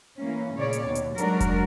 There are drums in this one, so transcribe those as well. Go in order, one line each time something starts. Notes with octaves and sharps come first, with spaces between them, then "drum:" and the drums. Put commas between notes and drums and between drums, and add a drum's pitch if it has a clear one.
E3 A#3 C#4
A#2 C#3 C#5 D5
drum: hi-hat
D#2 B2
drum: hi-hat
F#3 G#3 D4 F#4 A#4 D5, drum: hi-hat
drum: kick F1, hi-hat